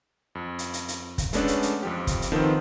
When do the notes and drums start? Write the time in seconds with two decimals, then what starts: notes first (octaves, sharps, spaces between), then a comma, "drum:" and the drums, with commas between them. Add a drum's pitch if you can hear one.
0.35 F2
0.59 drum: hi-hat
0.73 drum: hi-hat
0.88 drum: hi-hat
1.18 drum: kick, hi-hat
1.33 G#3 A3 B3 C#4 D4 A4, drum: hi-hat
1.48 drum: hi-hat
1.63 drum: hi-hat
1.83 F2 F3 G4
2.07 drum: kick, hi-hat
2.22 drum: hi-hat
2.32 D#3 F3 B3 C4 A4